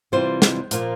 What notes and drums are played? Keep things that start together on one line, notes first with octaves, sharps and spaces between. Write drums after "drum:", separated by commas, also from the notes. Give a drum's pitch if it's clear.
C3 E3 G3 C4 F4 C5
drum: snare
A#2 F3 A#3 F4, drum: hi-hat